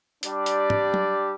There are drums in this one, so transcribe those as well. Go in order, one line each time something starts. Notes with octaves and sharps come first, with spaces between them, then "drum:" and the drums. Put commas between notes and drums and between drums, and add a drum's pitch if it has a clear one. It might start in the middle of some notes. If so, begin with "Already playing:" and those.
G3 D4 G4 D5, drum: hi-hat
drum: hi-hat
drum: tom
drum: tom